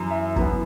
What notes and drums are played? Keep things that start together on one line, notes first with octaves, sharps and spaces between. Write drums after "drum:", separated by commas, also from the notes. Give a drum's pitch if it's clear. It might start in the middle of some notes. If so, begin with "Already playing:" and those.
Already playing: F#2 E3
E5
F#2 E3 B3, drum: kick